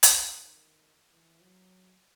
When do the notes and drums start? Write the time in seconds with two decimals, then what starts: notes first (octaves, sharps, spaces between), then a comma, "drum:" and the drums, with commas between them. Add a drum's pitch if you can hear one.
0.03 drum: hi-hat
0.19 D#3
1.11 E3
1.41 F#3